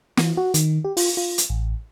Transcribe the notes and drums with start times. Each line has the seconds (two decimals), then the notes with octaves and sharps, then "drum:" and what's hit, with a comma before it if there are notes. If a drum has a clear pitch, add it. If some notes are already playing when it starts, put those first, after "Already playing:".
0.17 E3, drum: snare
0.37 F#4
0.54 D#3, drum: hi-hat
0.84 G4
0.97 F4, drum: open hi-hat
1.17 F4
1.38 drum: hi-hat
1.50 A1